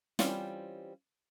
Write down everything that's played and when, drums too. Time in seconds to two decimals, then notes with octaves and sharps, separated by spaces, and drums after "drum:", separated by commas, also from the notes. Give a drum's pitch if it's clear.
0.19 E3 G3 C4 C#4 F4, drum: snare